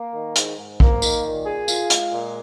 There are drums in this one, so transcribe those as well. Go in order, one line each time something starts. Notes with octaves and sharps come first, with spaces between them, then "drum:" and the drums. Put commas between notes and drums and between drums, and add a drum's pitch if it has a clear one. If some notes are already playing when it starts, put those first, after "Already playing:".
Already playing: A#3
D#3
G#2, drum: hi-hat
G#2
A#3, drum: kick
D#3, drum: tambourine
A#2
G#4
F4, drum: tambourine
G#3, drum: hi-hat
A#2